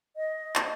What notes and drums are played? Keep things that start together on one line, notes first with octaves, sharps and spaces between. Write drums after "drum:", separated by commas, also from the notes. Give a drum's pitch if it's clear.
D#5
drum: clap